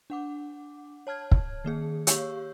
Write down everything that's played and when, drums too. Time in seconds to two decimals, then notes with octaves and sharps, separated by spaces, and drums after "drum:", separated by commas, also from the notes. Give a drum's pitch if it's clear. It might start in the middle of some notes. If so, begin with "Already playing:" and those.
0.10 D4 F#5 D6
1.07 C#5 A5 F6 G#6
1.31 drum: kick
1.64 D#3 A#3 G#4
2.07 G4 C#5 F5 C#6 E6 G6, drum: hi-hat